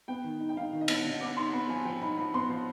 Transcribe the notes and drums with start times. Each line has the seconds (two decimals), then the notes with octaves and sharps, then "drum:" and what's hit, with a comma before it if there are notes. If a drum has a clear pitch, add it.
0.08 B3 G5
0.24 D#3
0.40 D#4
0.49 G5
0.57 D#4 F5
0.73 D#3
0.81 D#5
0.88 B3, drum: cymbal
1.05 D3 D#5
1.21 B3 D6
1.37 D#4 C6
1.53 B3 B5
1.69 F3 G#5
1.85 F3 G5
2.02 D#4 B5
2.18 F3 B5
2.34 B3 C6
2.50 F3